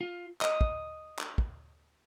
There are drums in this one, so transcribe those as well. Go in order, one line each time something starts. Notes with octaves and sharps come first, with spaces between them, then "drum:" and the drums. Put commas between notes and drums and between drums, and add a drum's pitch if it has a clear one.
F4
D#5, drum: clap
drum: kick
drum: clap
drum: kick